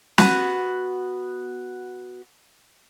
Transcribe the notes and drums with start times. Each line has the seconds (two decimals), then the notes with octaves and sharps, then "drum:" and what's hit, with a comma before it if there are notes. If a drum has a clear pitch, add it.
0.18 B3 F#4, drum: snare